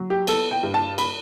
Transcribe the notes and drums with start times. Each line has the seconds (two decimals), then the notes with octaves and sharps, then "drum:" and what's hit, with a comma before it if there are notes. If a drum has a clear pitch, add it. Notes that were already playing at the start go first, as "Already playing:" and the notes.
Already playing: F#3
0.10 G4
0.27 B3 A4, drum: cymbal
0.51 G5
0.63 G2
0.74 A5
0.98 B5, drum: cymbal